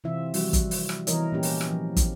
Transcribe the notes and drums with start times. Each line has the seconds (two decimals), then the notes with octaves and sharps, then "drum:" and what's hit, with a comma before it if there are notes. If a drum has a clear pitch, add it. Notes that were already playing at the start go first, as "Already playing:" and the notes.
0.04 C3 E3 C4 F4 E5
0.34 F3 G3 F#4, drum: open hi-hat
0.53 drum: kick, hi-hat
0.71 drum: open hi-hat
0.89 drum: rim click
1.07 E3 B3 A#4 C#5 D#5, drum: hi-hat
1.32 A#2 A#3 C#4 G4
1.43 drum: open hi-hat
1.61 drum: rim click
1.70 F3
1.96 drum: kick, hi-hat